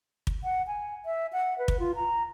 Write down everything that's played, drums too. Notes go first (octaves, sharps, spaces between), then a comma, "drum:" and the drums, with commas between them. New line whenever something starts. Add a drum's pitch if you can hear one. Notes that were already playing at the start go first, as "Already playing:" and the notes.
drum: kick
F#5
G#5
E5
F#5
B4
drum: kick
F4
A#5